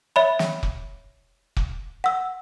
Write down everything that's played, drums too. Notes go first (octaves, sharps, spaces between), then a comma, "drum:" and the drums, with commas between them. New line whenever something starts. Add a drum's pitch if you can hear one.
C#5 E5 B5
drum: snare
drum: kick
drum: kick
F#5 E6